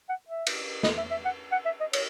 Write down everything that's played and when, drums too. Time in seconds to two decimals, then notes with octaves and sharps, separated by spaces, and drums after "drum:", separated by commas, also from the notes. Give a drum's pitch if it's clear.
0.09 F#5
0.29 E5
0.47 drum: cymbal
0.83 D#5, drum: snare
0.97 E5
1.11 E5
1.25 F#5
1.52 F#5
1.65 E5
1.80 D#5
1.93 C#5, drum: cymbal